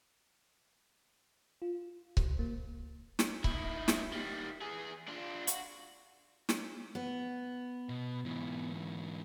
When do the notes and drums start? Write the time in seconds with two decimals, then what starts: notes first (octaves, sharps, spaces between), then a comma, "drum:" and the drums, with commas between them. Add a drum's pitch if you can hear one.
1.62 F4
2.17 C#2, drum: kick C#1
2.39 A#3
3.19 drum: snare
3.44 D#3 E4, drum: kick C#1
3.88 drum: snare
4.13 D#3 G3
4.62 E3 G#4
5.08 D4 F4
5.47 F#4, drum: hi-hat
6.49 drum: snare
6.95 B3
7.89 B2
8.25 G#2 E3